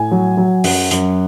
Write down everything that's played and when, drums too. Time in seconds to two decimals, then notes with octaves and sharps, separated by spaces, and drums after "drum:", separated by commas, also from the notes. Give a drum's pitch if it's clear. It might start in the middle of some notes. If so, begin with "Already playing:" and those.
Already playing: A2 G#5
0.11 F#3
0.37 F#3
0.64 F#2 F#5, drum: open hi-hat
0.91 F#2, drum: hi-hat